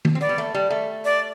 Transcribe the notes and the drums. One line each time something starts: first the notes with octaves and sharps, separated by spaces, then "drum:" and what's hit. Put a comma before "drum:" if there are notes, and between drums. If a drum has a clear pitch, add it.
drum: tom
C4
B3 D5
G3
A3
G3
A3
D5